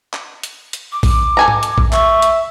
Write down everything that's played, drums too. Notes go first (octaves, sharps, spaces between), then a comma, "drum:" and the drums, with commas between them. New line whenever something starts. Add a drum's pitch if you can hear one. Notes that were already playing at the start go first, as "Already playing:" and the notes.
drum: clap
drum: hi-hat
drum: hi-hat
D6
drum: kick A#1, open hi-hat
A4 G#5 A#5
drum: tom G#2
drum: hi-hat
drum: kick A#1
E5 C#6, drum: clap
drum: hi-hat